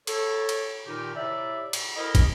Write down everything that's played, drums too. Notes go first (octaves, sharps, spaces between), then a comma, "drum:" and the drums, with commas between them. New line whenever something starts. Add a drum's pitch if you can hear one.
A4 C#5, drum: cymbal
drum: cymbal
A#2 D#3 D#4 G4
A2 C3 D5 E5
drum: cymbal
E4 A4 A#4 C5 D#5
drum: kick, cymbal